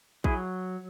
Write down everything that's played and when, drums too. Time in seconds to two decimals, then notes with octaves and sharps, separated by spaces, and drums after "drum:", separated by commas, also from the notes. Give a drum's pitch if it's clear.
0.24 F#3 E4 G#4, drum: kick A#1